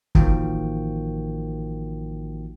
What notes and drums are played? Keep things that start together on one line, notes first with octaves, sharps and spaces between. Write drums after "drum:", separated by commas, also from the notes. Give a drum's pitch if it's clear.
A1 D#3 F3 A#3 F#4 G5, drum: kick